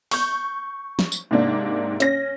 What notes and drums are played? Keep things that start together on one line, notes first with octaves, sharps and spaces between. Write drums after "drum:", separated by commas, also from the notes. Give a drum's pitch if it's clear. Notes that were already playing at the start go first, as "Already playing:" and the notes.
C#6 G6, drum: open hi-hat
drum: snare
drum: tambourine
G#2 C3 A#3 D4
C#4 A#6, drum: hi-hat